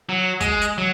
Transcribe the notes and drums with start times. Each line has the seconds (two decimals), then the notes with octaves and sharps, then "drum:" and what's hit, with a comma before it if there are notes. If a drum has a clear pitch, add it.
0.09 F#3
0.40 G#3, drum: kick, hi-hat
0.61 drum: hi-hat
0.78 F#3